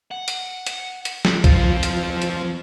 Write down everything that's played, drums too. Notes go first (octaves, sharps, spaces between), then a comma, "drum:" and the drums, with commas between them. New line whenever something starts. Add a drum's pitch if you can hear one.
F#5
drum: hi-hat
drum: hi-hat
drum: hi-hat
drum: snare
F3 C4 F4, drum: kick, hi-hat
drum: hi-hat
drum: hi-hat